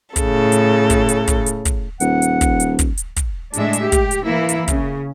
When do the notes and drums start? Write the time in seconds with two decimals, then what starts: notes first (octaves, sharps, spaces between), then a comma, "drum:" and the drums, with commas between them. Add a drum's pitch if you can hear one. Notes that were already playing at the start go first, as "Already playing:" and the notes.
0.16 A2 C#3 A4, drum: kick, hi-hat
0.52 drum: hi-hat
0.90 drum: kick, hi-hat
1.09 drum: hi-hat
1.28 drum: kick, hi-hat
1.46 drum: hi-hat
1.65 drum: kick, hi-hat
2.00 D#1 F#5, drum: hi-hat
2.22 drum: hi-hat
2.41 drum: kick, hi-hat
2.60 drum: hi-hat
2.79 drum: kick, hi-hat
2.98 drum: hi-hat
3.17 drum: kick, hi-hat
3.54 A2 G#3 D4 E5, drum: hi-hat
3.73 drum: hi-hat
3.83 G4
3.92 drum: kick, hi-hat
4.11 drum: hi-hat
4.25 E3 A#3 E4 E5
4.49 drum: hi-hat
4.68 C#3, drum: kick, hi-hat